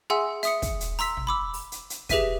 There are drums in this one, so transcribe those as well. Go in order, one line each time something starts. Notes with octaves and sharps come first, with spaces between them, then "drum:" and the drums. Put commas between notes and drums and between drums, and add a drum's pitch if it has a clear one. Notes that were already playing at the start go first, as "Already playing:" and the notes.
G#4 E5 F#5 G#5 C6 E6
E5 D#6 C#7, drum: hi-hat
drum: kick, hi-hat
drum: hi-hat
A#5 C6 E6 B6, drum: open hi-hat
drum: tom
B5 D6 E6
drum: open hi-hat
drum: hi-hat
drum: hi-hat
G4 G#4 B4 E5 B6 D#7, drum: kick, hi-hat